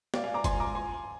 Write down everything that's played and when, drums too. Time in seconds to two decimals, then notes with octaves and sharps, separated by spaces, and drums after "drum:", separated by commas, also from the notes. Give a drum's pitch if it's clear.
0.14 D5 F5, drum: snare
0.24 F5 G#5
0.34 A#5 D6
0.44 G#5 C6, drum: kick F#1, hi-hat
0.60 A#5 D6
0.75 G#5 C6